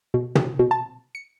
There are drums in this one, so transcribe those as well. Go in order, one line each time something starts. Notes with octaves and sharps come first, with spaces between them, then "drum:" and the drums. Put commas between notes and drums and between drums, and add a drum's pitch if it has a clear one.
B2
drum: tom
B2
A5
C#7